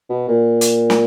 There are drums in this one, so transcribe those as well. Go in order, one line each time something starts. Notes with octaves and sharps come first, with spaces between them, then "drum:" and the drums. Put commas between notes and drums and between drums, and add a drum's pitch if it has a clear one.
B2
A#2
drum: hi-hat
drum: snare